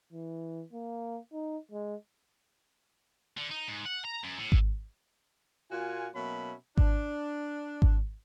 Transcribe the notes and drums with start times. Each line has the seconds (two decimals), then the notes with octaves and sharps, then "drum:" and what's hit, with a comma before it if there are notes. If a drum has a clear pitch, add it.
0.12 E3
0.73 A#3
1.33 D#4
1.71 G#3
3.38 D3
3.51 D#4
3.69 G#2
3.86 F#5
4.05 A#5
4.24 F#2
4.39 A2
4.52 drum: kick G#1
5.71 A#2 A#3 F4 F#4 G#5
6.15 B2 F#3 A#3 C#4 E5 B5
6.77 D4, drum: kick G#1
7.82 drum: kick G#1